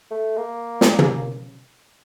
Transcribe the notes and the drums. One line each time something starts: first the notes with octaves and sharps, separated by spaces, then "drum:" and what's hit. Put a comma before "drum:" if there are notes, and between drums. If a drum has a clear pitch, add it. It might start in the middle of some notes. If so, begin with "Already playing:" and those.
A3
A#3
drum: snare
drum: tom